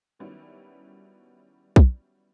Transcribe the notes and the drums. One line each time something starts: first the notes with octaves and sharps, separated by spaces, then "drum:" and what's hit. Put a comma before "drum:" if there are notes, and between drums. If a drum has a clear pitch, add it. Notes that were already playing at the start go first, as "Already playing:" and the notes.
D#3 F#3 G3 B3 C#4 E4
drum: kick B1